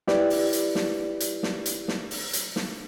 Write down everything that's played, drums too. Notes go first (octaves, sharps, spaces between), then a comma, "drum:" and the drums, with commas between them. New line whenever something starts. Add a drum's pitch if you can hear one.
E4 G4 B4 D5, drum: snare
drum: open hi-hat
drum: hi-hat
drum: snare
drum: hi-hat
drum: snare
drum: hi-hat
drum: snare
drum: open hi-hat
drum: hi-hat
drum: snare